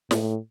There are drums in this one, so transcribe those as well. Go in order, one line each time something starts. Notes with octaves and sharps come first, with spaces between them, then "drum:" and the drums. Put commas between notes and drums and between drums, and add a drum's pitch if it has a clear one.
A2, drum: snare